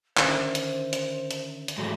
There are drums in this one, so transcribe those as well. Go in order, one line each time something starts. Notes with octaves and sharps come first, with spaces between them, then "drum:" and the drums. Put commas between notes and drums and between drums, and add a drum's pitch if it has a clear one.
D3 D#3 C#4 A#4 C5 E5, drum: clap
drum: hi-hat
drum: hi-hat
drum: hi-hat
drum: hi-hat
G#2 E3 F#3 G#3 A3